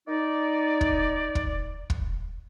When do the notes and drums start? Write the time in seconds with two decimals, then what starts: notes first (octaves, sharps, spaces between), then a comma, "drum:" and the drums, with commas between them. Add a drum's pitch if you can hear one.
0.08 D#4 D5
0.81 drum: kick
1.35 drum: kick
1.90 drum: kick